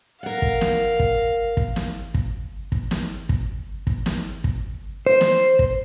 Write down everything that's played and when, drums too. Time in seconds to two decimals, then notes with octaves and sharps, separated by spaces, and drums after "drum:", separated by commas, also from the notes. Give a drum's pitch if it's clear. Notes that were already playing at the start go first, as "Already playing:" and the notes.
0.23 A#4 F5 F#5
0.42 drum: kick
0.61 drum: snare
1.00 drum: kick
1.57 drum: kick
1.76 drum: snare
2.14 drum: kick
2.72 drum: kick
2.91 drum: snare
3.29 drum: kick
3.87 drum: kick
4.06 drum: snare
4.44 drum: kick
5.06 C5
5.21 drum: snare
5.59 drum: kick